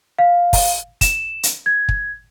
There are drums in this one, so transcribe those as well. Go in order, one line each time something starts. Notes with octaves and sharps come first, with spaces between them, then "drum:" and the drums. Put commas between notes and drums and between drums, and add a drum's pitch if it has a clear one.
F5
drum: kick, open hi-hat
E7, drum: kick, hi-hat
drum: hi-hat
G#6
drum: kick